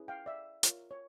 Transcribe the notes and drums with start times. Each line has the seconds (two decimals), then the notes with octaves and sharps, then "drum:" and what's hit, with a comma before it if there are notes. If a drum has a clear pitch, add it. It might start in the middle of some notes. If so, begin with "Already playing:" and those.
Already playing: C#4 E4 G#4 B4
0.08 F5 G5
0.26 D5 E5
0.63 F4 A#4 C#5, drum: hi-hat
0.91 C#5